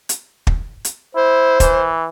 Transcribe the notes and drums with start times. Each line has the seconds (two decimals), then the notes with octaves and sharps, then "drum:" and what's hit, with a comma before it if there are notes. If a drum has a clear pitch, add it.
0.09 drum: hi-hat
0.47 drum: kick
0.85 drum: hi-hat
1.15 E4 C5
1.60 E3, drum: kick, hi-hat